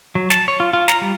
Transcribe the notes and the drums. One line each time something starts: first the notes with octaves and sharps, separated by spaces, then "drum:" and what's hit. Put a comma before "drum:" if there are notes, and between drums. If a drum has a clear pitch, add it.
F#3
A5, drum: snare
C#5
F4
F4
A#5, drum: snare
G3